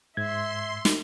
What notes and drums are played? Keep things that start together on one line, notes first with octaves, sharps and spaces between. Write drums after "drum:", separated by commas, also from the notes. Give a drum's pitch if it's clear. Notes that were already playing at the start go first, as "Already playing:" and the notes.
G#2 E5 C6 G#6
drum: snare